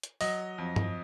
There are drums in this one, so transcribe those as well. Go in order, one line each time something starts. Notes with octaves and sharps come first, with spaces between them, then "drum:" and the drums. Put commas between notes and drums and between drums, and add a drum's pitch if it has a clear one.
drum: hi-hat
F#3 D#5, drum: open hi-hat
F2
drum: tom G2